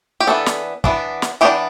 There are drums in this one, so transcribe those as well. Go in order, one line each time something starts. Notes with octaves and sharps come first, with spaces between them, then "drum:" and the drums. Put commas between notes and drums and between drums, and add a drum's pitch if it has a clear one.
G4
E3 B3 D4 A4
drum: snare
E3 B3 D4, drum: kick
drum: snare
E3 B3 D4 G4